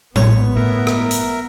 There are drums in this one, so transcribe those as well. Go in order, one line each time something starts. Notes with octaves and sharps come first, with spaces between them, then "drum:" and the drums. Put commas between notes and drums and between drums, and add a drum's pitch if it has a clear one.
A#1 G#2 B3 C#5, drum: tom A2
G1 A2 A#4 E5 A#5
drum: rim click
drum: hi-hat